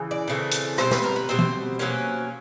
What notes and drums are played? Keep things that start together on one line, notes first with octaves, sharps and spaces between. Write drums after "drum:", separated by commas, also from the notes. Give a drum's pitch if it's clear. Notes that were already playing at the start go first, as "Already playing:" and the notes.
Already playing: C#3 E3
D5
C#3 E3 A3 C4
drum: hi-hat
B2 G3 C4 C5, drum: rim click
B4, drum: snare
A#4
B4
B2 G3 C4 C5
drum: tom E3
B2 F#3 A#3 C#4